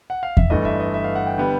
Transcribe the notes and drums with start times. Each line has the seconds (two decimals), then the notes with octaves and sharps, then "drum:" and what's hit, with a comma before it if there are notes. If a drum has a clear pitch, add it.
0.10 F#5
0.23 F5
0.37 E5, drum: kick E2
0.50 G1 G2 E3 A3 D#5
0.65 E5
0.80 D#5
0.94 E5
1.04 F5
1.15 F#5
1.27 G5
1.38 D3 G3 B3 G5